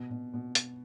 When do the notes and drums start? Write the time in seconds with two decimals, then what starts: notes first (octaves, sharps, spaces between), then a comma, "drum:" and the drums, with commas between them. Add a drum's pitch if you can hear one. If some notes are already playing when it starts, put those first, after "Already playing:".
Already playing: B2
0.10 B2
0.34 B2
0.55 drum: hi-hat